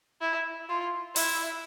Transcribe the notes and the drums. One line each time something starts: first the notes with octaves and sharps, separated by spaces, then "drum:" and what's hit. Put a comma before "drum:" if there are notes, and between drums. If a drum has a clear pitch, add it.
E4
F4
E4, drum: open hi-hat